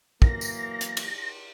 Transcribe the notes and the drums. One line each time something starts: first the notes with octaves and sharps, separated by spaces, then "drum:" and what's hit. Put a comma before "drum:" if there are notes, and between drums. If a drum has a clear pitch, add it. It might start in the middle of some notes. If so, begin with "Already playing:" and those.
E3 F#3 A#3 A#6, drum: kick
drum: tambourine
drum: hi-hat
drum: cymbal